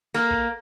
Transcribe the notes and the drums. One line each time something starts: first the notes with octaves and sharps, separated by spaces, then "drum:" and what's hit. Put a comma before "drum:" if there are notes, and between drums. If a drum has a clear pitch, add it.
A#3
drum: kick